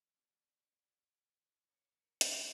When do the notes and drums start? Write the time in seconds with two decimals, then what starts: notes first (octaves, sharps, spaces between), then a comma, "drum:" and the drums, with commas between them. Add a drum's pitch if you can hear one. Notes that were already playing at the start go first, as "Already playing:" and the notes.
0.14 B2 G3 D4 D5
1.69 A#3 C#4 C#7
2.21 drum: hi-hat